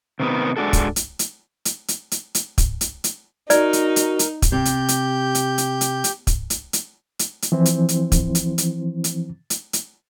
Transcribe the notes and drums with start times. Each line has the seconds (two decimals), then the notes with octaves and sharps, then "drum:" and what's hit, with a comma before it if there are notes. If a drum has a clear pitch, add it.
0.20 C3 D#3 B3
0.57 G#3 D4 F#4 A4
0.73 drum: kick, hi-hat
0.96 drum: hi-hat
1.19 drum: hi-hat
1.65 drum: hi-hat
1.88 drum: hi-hat
2.11 drum: hi-hat
2.35 drum: hi-hat
2.58 drum: kick, hi-hat
2.81 drum: hi-hat
3.04 drum: hi-hat
3.50 D#4 F#4 A#4 D5, drum: hi-hat
3.73 drum: hi-hat
3.96 drum: hi-hat
4.19 drum: hi-hat
4.42 drum: kick, hi-hat
4.52 C3 G4 G6
4.65 drum: hi-hat
4.88 drum: hi-hat
5.35 drum: hi-hat
5.58 drum: hi-hat
5.81 drum: hi-hat
6.04 drum: hi-hat
6.27 drum: kick, hi-hat
6.50 drum: hi-hat
6.73 drum: hi-hat
7.19 drum: hi-hat
7.42 drum: hi-hat
7.52 E3 F3 C4 E4 C5
7.65 drum: hi-hat
7.89 drum: hi-hat
8.12 drum: kick, hi-hat
8.35 drum: hi-hat
8.58 drum: hi-hat
9.04 drum: hi-hat
9.50 drum: hi-hat
9.73 drum: hi-hat